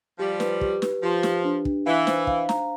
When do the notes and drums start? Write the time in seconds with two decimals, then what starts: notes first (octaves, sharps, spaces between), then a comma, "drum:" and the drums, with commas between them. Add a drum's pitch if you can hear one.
0.19 F3 G3 G4
0.40 B4, drum: snare
0.61 G4, drum: kick
0.82 B4, drum: snare
1.03 F3 G4
1.23 G4, drum: snare
1.45 D4
1.65 D4, drum: kick
1.86 E3 F5
2.07 C5, drum: snare
2.27 F5, drum: kick
2.49 A#5, drum: snare